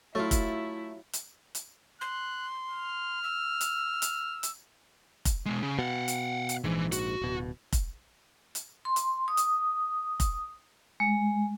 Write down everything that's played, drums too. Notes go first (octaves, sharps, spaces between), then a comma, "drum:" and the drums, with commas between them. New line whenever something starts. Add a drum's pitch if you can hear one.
F#3 A3 E4 F4
drum: kick F1, hi-hat
drum: hi-hat
drum: hi-hat
C6 F#6
F6
E6
drum: hi-hat
drum: hi-hat
drum: hi-hat
drum: kick F1, hi-hat
B2 G#3
C#3
B2 F5 F#5
drum: hi-hat
drum: hi-hat
A#1 G#2 E3
F#4, drum: hi-hat
D1 B2
drum: kick F1, hi-hat
drum: hi-hat
C6
drum: hi-hat
D#6
drum: hi-hat
drum: kick F1, hi-hat
G#3